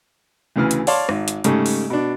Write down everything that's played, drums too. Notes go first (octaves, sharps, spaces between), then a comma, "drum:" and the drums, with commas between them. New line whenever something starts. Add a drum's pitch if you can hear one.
D2 C#3 E3 F6
drum: hi-hat
C#5 D5 F5 A5 C6, drum: open hi-hat
G#1, drum: rim click
drum: hi-hat
G#2 C#3 G3 A3, drum: hi-hat
drum: open hi-hat
B2 D4